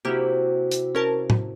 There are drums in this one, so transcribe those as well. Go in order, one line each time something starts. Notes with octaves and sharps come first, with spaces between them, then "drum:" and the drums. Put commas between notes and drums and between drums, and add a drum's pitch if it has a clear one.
C3 A#3 E4 F#4 G4
drum: hi-hat
C#4 A#4 A5
drum: tom A2